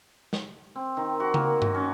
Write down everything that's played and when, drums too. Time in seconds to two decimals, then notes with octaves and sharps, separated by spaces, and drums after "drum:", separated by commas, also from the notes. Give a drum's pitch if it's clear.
0.33 drum: snare
0.75 C4
0.97 D#3
1.20 F#4
1.34 A#3, drum: tom C#3
1.62 F#4, drum: tom G2
1.74 C#4